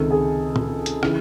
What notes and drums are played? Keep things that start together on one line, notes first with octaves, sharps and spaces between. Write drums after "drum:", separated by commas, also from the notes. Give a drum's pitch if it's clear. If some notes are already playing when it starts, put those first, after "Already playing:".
Already playing: C#2 C3 D#3 A4
G#4
drum: tom A#2
drum: hi-hat
C#3 E3, drum: rim click